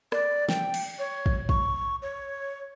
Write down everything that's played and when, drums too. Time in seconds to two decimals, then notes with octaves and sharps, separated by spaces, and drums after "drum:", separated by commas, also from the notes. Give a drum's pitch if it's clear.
0.12 D5, drum: rim click
0.49 G5, drum: snare
0.74 drum: cymbal
0.99 C#5
1.26 drum: kick
1.49 C#6, drum: kick
2.02 C#5